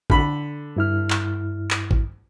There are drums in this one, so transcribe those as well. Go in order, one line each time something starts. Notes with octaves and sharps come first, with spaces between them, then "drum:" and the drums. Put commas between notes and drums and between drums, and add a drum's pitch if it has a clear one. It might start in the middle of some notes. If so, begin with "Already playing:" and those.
D3 B5, drum: kick A1
G2 E4 F6
drum: clap
drum: clap
drum: kick A1